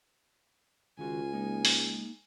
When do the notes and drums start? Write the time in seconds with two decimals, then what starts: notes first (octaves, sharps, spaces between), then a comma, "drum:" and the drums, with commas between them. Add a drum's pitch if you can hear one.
0.98 C#2 D#3 F4 F#4 G#5
1.33 G#3 A#3 D#4
1.65 drum: open hi-hat